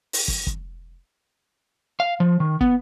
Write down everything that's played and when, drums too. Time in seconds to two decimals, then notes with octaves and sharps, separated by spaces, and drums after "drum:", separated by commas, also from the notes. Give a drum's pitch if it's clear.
0.13 drum: open hi-hat
0.28 drum: kick
0.47 drum: kick
2.00 F5
2.20 F3
2.40 D#3
2.61 B3, drum: kick